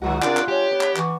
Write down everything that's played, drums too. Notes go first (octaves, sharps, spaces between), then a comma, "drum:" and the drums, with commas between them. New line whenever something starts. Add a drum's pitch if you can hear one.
C#2 D#3 F#3 F#4 G#4
C3 D4 F4 G#4 A#4 D5 D6, drum: clap
drum: clap
G#3 G4 C#5
B3
drum: clap
E3 C#6 D6, drum: clap